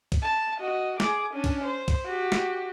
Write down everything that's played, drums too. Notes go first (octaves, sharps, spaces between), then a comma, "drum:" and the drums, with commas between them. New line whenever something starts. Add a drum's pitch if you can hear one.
drum: kick, cymbal
A5
F#4 D#5
G#4 D6, drum: snare
C#4 D4
drum: kick, cymbal
C5
drum: kick, cymbal
F#4 G4
drum: snare